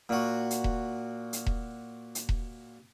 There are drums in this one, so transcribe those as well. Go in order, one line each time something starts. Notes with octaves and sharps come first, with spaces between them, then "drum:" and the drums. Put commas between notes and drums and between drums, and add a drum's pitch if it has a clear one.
A#2 F#4
drum: hi-hat
drum: kick E1
drum: hi-hat
drum: kick E1
drum: hi-hat
drum: kick E1